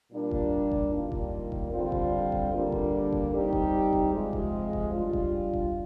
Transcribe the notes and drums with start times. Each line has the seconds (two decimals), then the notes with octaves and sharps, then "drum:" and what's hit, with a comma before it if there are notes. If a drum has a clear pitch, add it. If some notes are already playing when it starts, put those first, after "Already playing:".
0.11 A#2 G3 A#3 D4 F4
0.31 drum: kick F1
0.72 drum: kick F1
0.91 D#3 G3 A#3 F4
1.12 drum: kick F1
1.52 drum: kick F1
1.72 D3 G3 C4 F4
1.92 drum: kick F1
2.32 drum: kick F1
2.52 D3 G3 A#3 D4 G4
2.72 drum: kick F1
3.13 drum: kick F1
3.33 G3 C4 D#4 G4
3.53 drum: kick F1
3.93 drum: kick F1
4.13 C3 F3 G#3
4.33 drum: kick F1
4.73 drum: kick F1
4.93 G3 D4 F4
5.13 drum: kick F1
5.54 drum: kick F1